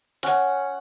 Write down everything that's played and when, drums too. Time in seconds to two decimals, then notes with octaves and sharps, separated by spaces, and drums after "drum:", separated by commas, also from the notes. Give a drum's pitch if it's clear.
0.23 C#4 F#5, drum: hi-hat